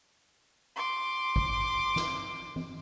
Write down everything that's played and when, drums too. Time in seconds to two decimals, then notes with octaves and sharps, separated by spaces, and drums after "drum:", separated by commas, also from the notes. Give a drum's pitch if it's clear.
0.76 C6 D6
1.36 drum: kick
1.96 drum: snare
2.56 drum: tom E3